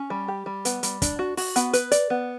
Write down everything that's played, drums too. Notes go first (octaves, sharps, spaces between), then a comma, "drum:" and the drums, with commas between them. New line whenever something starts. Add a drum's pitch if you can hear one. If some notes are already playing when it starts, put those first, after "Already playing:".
Already playing: C#4
G3
G4
G3
B3, drum: hi-hat
G3, drum: hi-hat
D4, drum: kick, hi-hat
F#4
F#4, drum: open hi-hat
B3, drum: hi-hat
B4, drum: hi-hat
D5, drum: hi-hat
B3